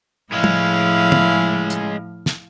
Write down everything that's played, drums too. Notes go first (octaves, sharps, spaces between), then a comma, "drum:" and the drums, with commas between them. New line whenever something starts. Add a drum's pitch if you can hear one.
A2 F3 G#3 C#4 E4 F5
drum: tom
drum: tom
drum: hi-hat
drum: snare